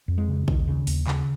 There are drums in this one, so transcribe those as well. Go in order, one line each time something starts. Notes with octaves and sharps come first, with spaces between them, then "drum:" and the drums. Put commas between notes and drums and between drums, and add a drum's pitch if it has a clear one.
F2
G#3
C#3
D#2 D#3, drum: kick
C#3
D#2, drum: open hi-hat
C#3, drum: clap